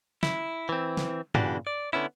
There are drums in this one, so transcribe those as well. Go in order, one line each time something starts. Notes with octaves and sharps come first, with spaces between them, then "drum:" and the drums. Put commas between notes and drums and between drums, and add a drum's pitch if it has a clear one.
E4, drum: snare
E3 C4
drum: snare
A#2 C#3 E3 D4 F#4 G4, drum: tom G2
D5
D3 B3 C#4 E4